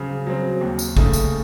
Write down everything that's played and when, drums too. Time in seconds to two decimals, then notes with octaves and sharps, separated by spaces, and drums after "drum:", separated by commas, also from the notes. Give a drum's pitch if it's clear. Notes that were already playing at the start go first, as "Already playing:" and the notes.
Already playing: C#3 F#3 C4
0.27 F#3 C4
0.61 D#2
0.79 drum: tambourine
0.97 C#3 A3 D#4 A4, drum: kick
1.13 drum: tambourine